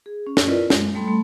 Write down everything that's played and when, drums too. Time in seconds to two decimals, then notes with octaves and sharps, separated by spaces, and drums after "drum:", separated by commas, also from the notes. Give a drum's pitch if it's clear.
0.06 G#4
0.27 C#4
0.37 drum: snare
0.48 E4 F4 A#4 B4 D5 D#5
0.70 G#3, drum: snare
0.95 G3 A3 A4 B5 C6
1.08 A3